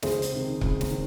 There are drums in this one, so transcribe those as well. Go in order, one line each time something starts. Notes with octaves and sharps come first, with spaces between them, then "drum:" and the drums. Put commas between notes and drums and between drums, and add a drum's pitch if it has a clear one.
C#2 G#4 C5, drum: snare
drum: hi-hat
C3 D#3
C#2, drum: kick C#1
drum: snare
D#3